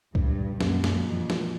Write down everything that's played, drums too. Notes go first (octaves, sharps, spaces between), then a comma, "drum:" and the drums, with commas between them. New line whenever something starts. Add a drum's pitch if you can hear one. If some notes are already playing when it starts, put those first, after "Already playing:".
G2 A#2, drum: kick C2
F#2 A#3, drum: snare
drum: snare
F2 E3
drum: snare